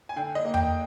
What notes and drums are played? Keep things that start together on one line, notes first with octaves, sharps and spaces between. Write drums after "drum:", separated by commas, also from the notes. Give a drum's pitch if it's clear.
G#5
D3 G5
D#5
A#3
G5, drum: tom E2